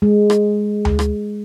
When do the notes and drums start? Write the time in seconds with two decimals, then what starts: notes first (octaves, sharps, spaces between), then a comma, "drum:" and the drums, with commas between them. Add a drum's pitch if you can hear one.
0.02 G#3
0.30 drum: rim click
0.85 drum: tom D2
0.99 drum: rim click